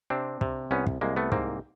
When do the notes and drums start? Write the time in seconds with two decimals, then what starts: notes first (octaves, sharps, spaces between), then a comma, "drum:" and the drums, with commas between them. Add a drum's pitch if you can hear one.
0.10 C3 C4 D4
0.41 C3, drum: kick
0.71 C2 B3 C#4
0.87 drum: kick
1.01 C2 G#3 A#3
1.16 A3 B3
1.32 G#2 A#3 C4, drum: kick